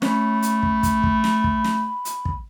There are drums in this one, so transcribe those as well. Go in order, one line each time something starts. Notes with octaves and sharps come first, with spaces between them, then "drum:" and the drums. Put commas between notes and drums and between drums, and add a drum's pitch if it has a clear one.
A3 C#4 C#5 B5, drum: snare
drum: hi-hat
drum: kick
drum: kick, hi-hat
drum: kick
drum: snare
drum: kick
drum: snare
drum: hi-hat
drum: kick